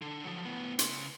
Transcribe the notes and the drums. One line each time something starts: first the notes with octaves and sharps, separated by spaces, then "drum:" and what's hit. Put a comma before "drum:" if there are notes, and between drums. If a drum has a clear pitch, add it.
D3
F3 F#3
A2 B3
C#3 C6, drum: hi-hat